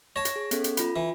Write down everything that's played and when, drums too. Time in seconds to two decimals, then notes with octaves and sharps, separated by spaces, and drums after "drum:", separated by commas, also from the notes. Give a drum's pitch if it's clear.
0.16 C#5 A5 A#6
0.25 drum: hi-hat
0.36 G#4
0.51 B3 C#4 A4, drum: hi-hat
0.64 drum: hi-hat
0.77 F4 B5, drum: hi-hat
0.96 E3